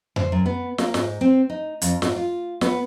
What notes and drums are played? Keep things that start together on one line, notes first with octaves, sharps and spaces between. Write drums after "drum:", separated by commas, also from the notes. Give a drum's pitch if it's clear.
C5, drum: tom F2
F#2
B3
A#3, drum: snare
G#2, drum: snare
C4
D#4
F2, drum: hi-hat
G#2, drum: snare
F4
B3, drum: snare